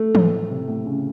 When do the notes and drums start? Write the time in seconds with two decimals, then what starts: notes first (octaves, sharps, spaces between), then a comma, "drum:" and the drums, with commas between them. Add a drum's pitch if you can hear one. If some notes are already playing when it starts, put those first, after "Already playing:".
Already playing: A3
0.15 A2, drum: tom E3
0.50 C3
0.68 A2
0.86 C#3